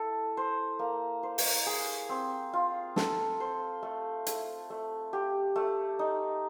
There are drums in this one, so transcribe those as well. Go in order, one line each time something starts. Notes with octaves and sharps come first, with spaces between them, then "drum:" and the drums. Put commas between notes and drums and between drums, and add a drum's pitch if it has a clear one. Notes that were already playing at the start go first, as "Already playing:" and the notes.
Already playing: E4 A4
C5
A#3
C5
drum: open hi-hat
G#4
C4
F4
A4, drum: snare
C5
A3
A3, drum: hi-hat
A3
G4
A3
D#4